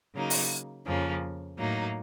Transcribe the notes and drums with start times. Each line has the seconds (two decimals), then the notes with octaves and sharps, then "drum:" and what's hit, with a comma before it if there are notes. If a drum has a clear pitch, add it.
0.15 C#3 F#3 A#3 D#4
0.30 drum: open hi-hat
0.87 F2 C#3 F3 A#3 C#4
1.59 A2 F#3 A#3 D#4